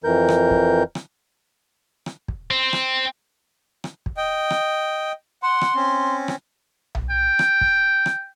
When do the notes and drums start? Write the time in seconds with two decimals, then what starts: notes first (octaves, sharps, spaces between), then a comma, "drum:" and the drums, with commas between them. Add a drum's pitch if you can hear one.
0.04 F2 E3 A#4 G6
0.29 drum: rim click
0.51 drum: kick
0.95 drum: rim click
2.06 drum: rim click
2.28 drum: kick
2.51 C4
2.73 drum: rim click
3.84 drum: rim click
4.06 drum: kick
4.17 D#5 G5
4.50 drum: rim click
5.43 F#5 C6
5.61 drum: rim click
5.75 C4 C#4
6.28 drum: rim click
6.95 drum: tom B1
7.10 G5
7.39 drum: rim click
7.61 drum: kick
8.06 drum: rim click